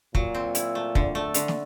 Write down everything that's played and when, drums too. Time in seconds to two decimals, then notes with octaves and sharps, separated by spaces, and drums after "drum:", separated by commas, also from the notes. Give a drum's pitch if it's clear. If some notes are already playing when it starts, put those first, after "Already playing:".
0.15 A#2 F#3, drum: kick
0.35 C4
0.55 E4, drum: hi-hat
0.75 A3
0.95 D3, drum: kick
1.15 A3
1.34 D3, drum: hi-hat
1.48 drum: snare